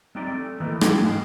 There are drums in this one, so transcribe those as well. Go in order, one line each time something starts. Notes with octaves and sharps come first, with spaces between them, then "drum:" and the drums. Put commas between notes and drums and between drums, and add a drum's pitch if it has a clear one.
G#3 C4 D#4 G4 D5 E5
A3
D#3 E3 A3 A#3 D#4 B4
C#4 F#4 G#4 G5, drum: rim click
G#2 G#3 F5